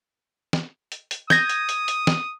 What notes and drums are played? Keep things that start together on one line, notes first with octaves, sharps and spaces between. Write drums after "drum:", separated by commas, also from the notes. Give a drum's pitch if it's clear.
drum: snare
drum: hi-hat
drum: hi-hat
D#6 G6 G#6 A#6, drum: snare
drum: hi-hat
drum: hi-hat
drum: hi-hat
drum: snare